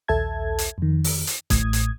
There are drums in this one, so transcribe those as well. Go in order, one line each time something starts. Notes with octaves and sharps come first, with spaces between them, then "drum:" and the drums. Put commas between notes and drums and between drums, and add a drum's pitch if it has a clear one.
A#1 D#2 A4 E5 A5 G#6
drum: hi-hat
F2 D#3
drum: open hi-hat
drum: hi-hat
A1 A2 D#6 G#6, drum: kick, hi-hat
drum: hi-hat